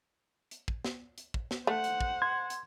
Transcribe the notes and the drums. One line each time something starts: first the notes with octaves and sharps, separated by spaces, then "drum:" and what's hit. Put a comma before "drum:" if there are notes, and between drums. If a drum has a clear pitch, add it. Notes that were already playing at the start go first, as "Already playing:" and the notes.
drum: hi-hat
drum: kick
drum: snare
drum: hi-hat
drum: kick
drum: snare
A3 C5 F#5
drum: hi-hat
drum: kick
C6 G#6
drum: hi-hat